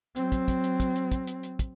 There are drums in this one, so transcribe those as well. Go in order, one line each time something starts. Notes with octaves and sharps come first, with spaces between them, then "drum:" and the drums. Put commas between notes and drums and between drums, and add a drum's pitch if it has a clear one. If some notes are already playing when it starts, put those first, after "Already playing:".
F#3 C4, drum: hi-hat
drum: kick, hi-hat
drum: kick, hi-hat
drum: hi-hat
drum: kick, hi-hat
drum: hi-hat
drum: kick, hi-hat
drum: hi-hat
drum: hi-hat
drum: kick, hi-hat